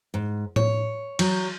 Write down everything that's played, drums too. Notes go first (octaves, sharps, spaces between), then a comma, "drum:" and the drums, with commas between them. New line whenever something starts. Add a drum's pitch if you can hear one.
G#2
C#5, drum: tom A2
F#3, drum: cymbal